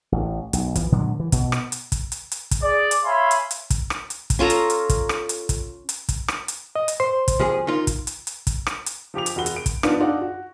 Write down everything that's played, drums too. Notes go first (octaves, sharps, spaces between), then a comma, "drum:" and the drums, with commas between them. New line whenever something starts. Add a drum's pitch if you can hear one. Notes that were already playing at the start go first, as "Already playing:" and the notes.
A1
B1, drum: hi-hat
E3 F3, drum: kick, hi-hat
A#2 D3 F#3 G#3
E3
B2, drum: kick, hi-hat
drum: rim click
drum: hi-hat
drum: kick, hi-hat
drum: hi-hat
drum: hi-hat
drum: kick, hi-hat
G#4 D5
drum: hi-hat
C#5 E5 F5 G#5 B5 C6
drum: hi-hat
drum: hi-hat
drum: kick, hi-hat
drum: rim click
drum: hi-hat
drum: kick, hi-hat
C#4 F4 A4 A#5
drum: hi-hat
drum: hi-hat
drum: kick, hi-hat
drum: rim click
drum: hi-hat
drum: kick, hi-hat
drum: hi-hat
drum: kick, hi-hat
drum: rim click
drum: hi-hat
D#5
drum: hi-hat
C5 C6
drum: kick, hi-hat
C2 F3 G#4
D#3 F4
drum: kick, hi-hat
drum: hi-hat
drum: hi-hat
drum: kick, hi-hat
drum: rim click
drum: hi-hat
F3 G4 D6 F7
drum: hi-hat
E1 F#4 G7
drum: hi-hat
D7
drum: kick, hi-hat
F3 B3 D4 D#4 F4 D5, drum: rim click
D4 D#4 F#4 D5 F5 F#5
F#4